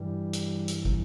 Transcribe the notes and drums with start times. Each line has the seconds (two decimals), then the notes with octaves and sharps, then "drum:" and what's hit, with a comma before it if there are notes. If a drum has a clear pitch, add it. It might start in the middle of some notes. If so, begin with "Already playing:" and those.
Already playing: G2 E3 G3
0.33 drum: hi-hat
0.68 drum: hi-hat
0.85 drum: kick